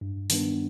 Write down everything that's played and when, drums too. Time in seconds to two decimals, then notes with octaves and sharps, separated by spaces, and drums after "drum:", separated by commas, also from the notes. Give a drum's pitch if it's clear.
0.01 G2
0.30 D#3 G3 B3 D4, drum: open hi-hat